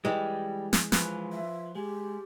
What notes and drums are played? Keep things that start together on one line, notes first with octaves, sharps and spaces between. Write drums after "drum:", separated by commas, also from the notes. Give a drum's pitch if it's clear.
E3 G3 G#3
drum: snare
F3 B4, drum: snare
E5
G#3 G4